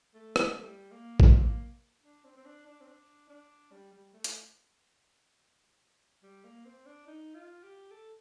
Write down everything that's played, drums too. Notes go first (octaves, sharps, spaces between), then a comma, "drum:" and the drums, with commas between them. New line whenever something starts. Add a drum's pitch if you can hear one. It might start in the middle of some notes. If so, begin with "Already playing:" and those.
A3
G3, drum: rim click
A3
G3
A#3
C4, drum: kick A1
A#3
D4
C4
C4
D4
D4
C4
D4
D4
G3
G3
A3
drum: hi-hat
G3
A#3
C4
D4
D#4
F4
G4
A4